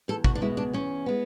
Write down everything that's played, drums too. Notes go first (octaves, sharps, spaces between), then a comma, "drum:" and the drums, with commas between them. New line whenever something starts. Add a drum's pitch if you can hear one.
E2 A4
F#4, drum: kick
D4
B2 G#3 B3 E4
D4
E2 C#4
G#3 B3